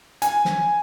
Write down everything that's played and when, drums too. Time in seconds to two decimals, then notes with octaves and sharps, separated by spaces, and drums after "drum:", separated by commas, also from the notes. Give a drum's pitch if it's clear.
0.22 G#5, drum: hi-hat
0.45 drum: snare